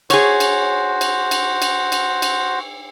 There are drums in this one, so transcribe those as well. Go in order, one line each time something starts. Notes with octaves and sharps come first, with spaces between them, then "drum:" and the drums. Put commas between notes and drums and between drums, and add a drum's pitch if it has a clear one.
F#4 G#4 C5 C#5, drum: cymbal
drum: cymbal
drum: cymbal
drum: cymbal
drum: cymbal
drum: cymbal
drum: cymbal